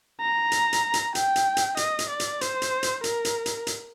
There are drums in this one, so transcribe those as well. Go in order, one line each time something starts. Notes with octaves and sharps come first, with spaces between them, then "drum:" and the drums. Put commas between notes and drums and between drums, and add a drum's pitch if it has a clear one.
A#5
drum: hi-hat
drum: hi-hat
drum: hi-hat
G5, drum: hi-hat
drum: hi-hat
drum: hi-hat
D#5, drum: hi-hat
drum: hi-hat
D5
drum: hi-hat
C5, drum: hi-hat
drum: hi-hat
drum: hi-hat
A#4, drum: hi-hat
drum: hi-hat
drum: hi-hat
drum: hi-hat